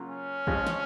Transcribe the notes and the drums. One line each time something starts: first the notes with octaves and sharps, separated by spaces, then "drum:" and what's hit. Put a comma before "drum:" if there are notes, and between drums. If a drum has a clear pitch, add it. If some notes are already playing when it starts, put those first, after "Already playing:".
Already playing: C#3 F#3 A#3 F4
C#4
F2 C#3 F3 G#3, drum: kick
drum: snare